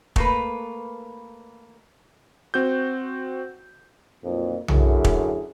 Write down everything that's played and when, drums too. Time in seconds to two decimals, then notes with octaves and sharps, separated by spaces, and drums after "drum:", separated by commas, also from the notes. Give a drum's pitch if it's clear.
0.16 A3 A#3 B4, drum: kick
2.54 C4 F#4 G6
4.24 B1 F2 A#2 F3
4.68 F#2 D3 E4 G#4, drum: tom B1
5.04 drum: kick